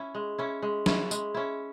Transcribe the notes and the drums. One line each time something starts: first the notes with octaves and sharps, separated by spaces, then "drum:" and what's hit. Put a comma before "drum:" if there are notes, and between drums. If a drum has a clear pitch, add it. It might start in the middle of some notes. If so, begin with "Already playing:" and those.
Already playing: C#4 E4
G#3
C#4 E4
G#3
C#4 E4, drum: snare
G#3, drum: tambourine
C#4 E4